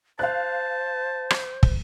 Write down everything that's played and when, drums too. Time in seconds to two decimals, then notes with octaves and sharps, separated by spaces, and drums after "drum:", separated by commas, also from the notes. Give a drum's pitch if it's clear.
0.19 C5 F5 A5 F#6
1.30 drum: rim click
1.63 drum: kick